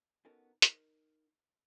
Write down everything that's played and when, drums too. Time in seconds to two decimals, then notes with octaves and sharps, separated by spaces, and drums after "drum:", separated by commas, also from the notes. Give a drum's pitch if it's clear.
0.25 B3 C#4 D#4 F#4 A4 A#4
0.62 D#4 A#4, drum: hi-hat